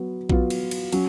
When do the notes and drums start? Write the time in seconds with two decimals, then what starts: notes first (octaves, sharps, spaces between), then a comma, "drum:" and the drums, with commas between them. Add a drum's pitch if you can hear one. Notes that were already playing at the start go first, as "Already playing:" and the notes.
Already playing: F#3 B3
0.29 F#3 B3 F4, drum: kick A#1
0.50 drum: cymbal
0.71 drum: cymbal
0.92 F#3 C#4, drum: cymbal